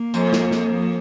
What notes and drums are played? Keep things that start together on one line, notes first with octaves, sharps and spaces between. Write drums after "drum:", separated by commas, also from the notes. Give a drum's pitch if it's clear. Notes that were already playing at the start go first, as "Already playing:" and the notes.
Already playing: A#3
F2, drum: tambourine
drum: snare
drum: snare